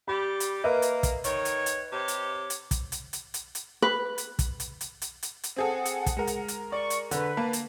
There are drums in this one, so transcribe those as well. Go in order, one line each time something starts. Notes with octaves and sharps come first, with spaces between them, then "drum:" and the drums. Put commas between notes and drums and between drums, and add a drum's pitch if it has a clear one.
G3 G4 B5
drum: hi-hat
A#3 B4 D#5 E5
drum: hi-hat
drum: kick, hi-hat
D#3 C#5, drum: hi-hat
drum: hi-hat
drum: hi-hat
C3 G4 C#5
drum: hi-hat
drum: hi-hat
drum: kick, hi-hat
drum: hi-hat
drum: hi-hat
drum: hi-hat
drum: hi-hat
B4
drum: hi-hat
drum: kick, hi-hat
drum: hi-hat
drum: hi-hat
drum: hi-hat
drum: hi-hat
drum: hi-hat
C4 G#4 A4 F#5
drum: hi-hat
drum: kick, hi-hat
G#3 A#4
drum: hi-hat
drum: hi-hat
D5 C#6
drum: hi-hat
D3 B4, drum: hi-hat
A#3 A5
drum: hi-hat